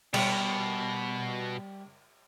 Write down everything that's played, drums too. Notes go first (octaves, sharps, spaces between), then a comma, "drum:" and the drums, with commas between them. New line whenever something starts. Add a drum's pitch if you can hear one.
B2 G3, drum: cymbal